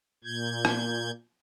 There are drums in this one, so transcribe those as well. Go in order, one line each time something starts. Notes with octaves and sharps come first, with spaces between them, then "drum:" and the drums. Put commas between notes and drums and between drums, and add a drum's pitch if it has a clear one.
A#2 G6 G#6
drum: rim click